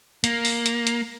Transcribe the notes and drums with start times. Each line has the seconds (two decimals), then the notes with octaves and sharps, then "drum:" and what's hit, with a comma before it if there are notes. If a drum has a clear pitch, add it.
0.24 A#3, drum: hi-hat
0.45 drum: open hi-hat
0.66 drum: hi-hat
0.87 drum: hi-hat